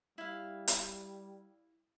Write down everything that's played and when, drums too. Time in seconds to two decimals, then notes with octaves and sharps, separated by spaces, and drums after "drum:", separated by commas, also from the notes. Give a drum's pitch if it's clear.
0.18 G3 E4 F5
0.68 drum: hi-hat